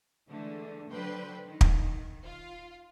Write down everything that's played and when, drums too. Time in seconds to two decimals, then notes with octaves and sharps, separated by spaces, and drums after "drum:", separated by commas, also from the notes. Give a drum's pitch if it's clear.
0.29 D3 E3 G#3 A3
0.91 D3 F#3 B4 C5 G5 C6
1.46 D#3
1.61 drum: kick
2.23 F4 F5